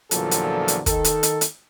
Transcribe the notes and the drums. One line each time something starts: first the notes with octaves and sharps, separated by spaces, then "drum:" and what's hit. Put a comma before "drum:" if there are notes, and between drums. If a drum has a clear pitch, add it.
E2 A#2 D3 F3 F#3 A4, drum: hi-hat
drum: hi-hat
drum: hi-hat
D#3 A4, drum: kick, hi-hat
drum: hi-hat
drum: hi-hat
drum: hi-hat